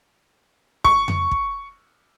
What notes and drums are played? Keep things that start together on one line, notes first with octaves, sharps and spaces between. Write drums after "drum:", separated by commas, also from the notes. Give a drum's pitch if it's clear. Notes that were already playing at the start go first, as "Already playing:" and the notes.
C#6, drum: kick
drum: tom F2
drum: kick